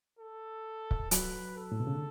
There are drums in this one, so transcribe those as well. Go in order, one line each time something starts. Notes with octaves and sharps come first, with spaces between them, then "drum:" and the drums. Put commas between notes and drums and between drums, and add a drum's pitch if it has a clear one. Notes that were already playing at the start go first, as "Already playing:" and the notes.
A4
drum: kick C#1
F#3 B4, drum: hi-hat
A4
A2
B2
C#3
D3